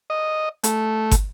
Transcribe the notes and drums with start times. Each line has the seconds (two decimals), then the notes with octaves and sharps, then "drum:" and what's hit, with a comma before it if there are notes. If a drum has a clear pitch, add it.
0.10 D#5
0.64 A3, drum: hi-hat
1.11 drum: kick, hi-hat